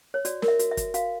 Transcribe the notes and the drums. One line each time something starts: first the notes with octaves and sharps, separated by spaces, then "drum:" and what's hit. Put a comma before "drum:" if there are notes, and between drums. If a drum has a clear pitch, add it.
C#5
F#4 D5, drum: hi-hat
A#4, drum: snare
E5
F#4, drum: hi-hat
E5
F#4, drum: kick, hi-hat
F#4 F5, drum: hi-hat